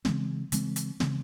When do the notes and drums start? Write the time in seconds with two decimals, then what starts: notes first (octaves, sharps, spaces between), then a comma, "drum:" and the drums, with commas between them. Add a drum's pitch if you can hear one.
0.05 C#3 E3 G#3 C4, drum: snare
0.52 C#3 E3 G#3 C4, drum: hi-hat
0.76 drum: hi-hat
1.00 C#3 E3 G#3 C4, drum: snare